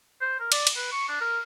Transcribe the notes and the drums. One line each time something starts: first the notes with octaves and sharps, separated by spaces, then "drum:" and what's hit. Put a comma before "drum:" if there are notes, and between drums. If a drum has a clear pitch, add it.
C5
A#4
D5, drum: cymbal
drum: cymbal
B4
C#6
D4
A#4